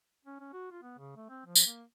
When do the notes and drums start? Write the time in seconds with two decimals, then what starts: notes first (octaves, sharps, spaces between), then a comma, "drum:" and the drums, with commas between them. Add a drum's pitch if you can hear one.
0.25 C#4
0.40 C#4
0.53 F#4
0.71 F4
0.83 B3
0.98 C#3
1.16 A3
1.29 C4
1.45 F3
1.56 drum: tambourine
1.66 A#3